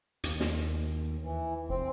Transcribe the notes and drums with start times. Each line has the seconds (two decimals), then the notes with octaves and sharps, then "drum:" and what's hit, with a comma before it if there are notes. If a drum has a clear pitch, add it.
0.24 D#2, drum: hi-hat
0.40 drum: snare
1.22 E3
1.69 F1 C4